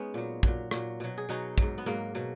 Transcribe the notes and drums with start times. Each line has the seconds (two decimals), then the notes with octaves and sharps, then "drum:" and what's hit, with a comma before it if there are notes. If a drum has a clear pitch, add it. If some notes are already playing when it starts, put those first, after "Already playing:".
Already playing: G#3 B3 C#4 D#4
0.14 A#2 F#3
0.43 A#2 F#3, drum: kick
0.71 A#2 F#3, drum: rim click
1.00 B2 F#3
1.18 G#4
1.29 B2 F#3 D#4 F#4
1.58 G#2 F#3, drum: kick
1.78 B3
1.86 G#2 F#3 A#3
2.15 B2 F#3